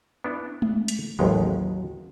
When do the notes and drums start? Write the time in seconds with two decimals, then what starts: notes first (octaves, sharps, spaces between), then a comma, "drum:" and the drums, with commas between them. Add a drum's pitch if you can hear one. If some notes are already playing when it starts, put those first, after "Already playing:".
0.24 B3 D4 E4
0.62 drum: tom G#3
0.88 drum: hi-hat
1.19 A1 D#2 F#3 G#3